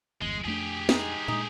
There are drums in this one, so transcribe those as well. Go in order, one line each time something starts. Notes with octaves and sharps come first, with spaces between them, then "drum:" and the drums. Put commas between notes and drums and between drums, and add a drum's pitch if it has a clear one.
G1 E2 G#3
F2 A3 D4 G4 G#4
G#3 D#4, drum: snare
A#2 G#3 D#4